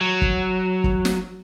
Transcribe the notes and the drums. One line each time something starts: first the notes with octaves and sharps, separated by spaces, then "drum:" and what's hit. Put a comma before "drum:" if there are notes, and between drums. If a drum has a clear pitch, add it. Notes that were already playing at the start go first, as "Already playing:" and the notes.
F#3
drum: kick
drum: kick
drum: snare